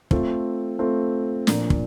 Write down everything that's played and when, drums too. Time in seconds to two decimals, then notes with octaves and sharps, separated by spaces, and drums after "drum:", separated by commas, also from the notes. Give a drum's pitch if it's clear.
0.11 A3 C4 F4 A4, drum: kick
0.79 A3 C4 F4 A4
1.47 A#2 F3 A#3 D4, drum: snare
1.70 drum: kick